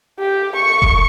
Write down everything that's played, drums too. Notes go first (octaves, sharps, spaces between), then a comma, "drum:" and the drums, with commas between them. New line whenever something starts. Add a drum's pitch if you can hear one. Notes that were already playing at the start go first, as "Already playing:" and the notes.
G4
C#6
drum: kick F1